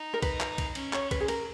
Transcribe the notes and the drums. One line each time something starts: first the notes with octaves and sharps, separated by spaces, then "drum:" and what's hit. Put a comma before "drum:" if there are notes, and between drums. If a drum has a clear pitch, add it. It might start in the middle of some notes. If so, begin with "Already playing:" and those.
Already playing: D#4
A#4
B4, drum: kick B1, cymbal
drum: clap
drum: kick B1, cymbal
C#4, drum: cymbal
C#5, drum: clap
B4, drum: kick B1, cymbal
G#4
A#4, drum: cymbal